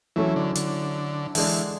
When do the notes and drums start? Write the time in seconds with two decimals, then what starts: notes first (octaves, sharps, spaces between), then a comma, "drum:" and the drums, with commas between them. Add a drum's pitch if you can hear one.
0.16 E3 F#3 A3 C#4 E4
0.36 D3
0.55 D3, drum: hi-hat
1.35 D3 E3 G#3 D4, drum: open hi-hat